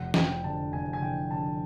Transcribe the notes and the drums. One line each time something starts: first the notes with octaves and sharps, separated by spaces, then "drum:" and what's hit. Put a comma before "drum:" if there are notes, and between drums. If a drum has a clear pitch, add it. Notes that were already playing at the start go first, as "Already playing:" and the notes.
Already playing: F1 F#5
F2 G5, drum: snare
D3 A5
F1 G#5
G#5
D3 G5
D3 A5